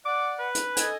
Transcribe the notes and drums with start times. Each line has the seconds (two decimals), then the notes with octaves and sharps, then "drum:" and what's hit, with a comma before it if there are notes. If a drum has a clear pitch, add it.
0.05 D5 F#5 D6
0.39 B4
0.55 drum: hi-hat
0.77 A4 D#5 G#5, drum: hi-hat